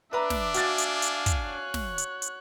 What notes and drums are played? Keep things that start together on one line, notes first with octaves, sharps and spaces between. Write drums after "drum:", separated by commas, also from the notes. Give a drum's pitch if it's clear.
D4 B4 E5 A#5 D6
drum: snare
F#4 F5 G#5 A6, drum: hi-hat
drum: hi-hat
drum: hi-hat
drum: kick, hi-hat
C#5 F#6
drum: snare
drum: hi-hat
drum: hi-hat